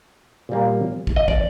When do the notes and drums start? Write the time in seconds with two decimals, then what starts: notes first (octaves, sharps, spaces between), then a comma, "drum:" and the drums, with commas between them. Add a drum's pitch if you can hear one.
0.49 A#2 G3 A#3
1.07 drum: kick
1.16 D#5
1.28 D5, drum: kick